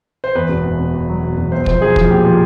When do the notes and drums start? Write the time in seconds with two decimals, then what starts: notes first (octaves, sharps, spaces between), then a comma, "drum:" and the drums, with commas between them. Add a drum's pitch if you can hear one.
0.24 C5
0.35 E2 B4
0.49 E1
0.65 E2
0.80 B2
0.94 E2
1.09 F#3
1.22 B2
1.38 E1
1.52 B1 C5
1.66 F3 C5, drum: kick
1.81 B1 G#4
1.96 F3, drum: kick
2.11 A#2 G4
2.25 F3